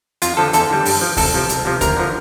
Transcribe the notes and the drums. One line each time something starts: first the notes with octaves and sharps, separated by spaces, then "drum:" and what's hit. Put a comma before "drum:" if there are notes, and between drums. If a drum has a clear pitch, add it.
F2 F4, drum: hi-hat
D3 F3 A4
E2 A4, drum: hi-hat
D3 G3
G2, drum: open hi-hat
F3
C2 A4, drum: kick D2, open hi-hat
C3 F3
C2, drum: hi-hat
C3 F3
D2 A#4, drum: kick D2, hi-hat
D3 F3